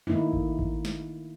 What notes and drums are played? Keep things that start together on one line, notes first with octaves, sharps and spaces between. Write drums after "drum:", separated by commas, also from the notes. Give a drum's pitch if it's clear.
D#3 A3 A#3 D#4 E4
drum: kick A1
drum: kick A1
drum: snare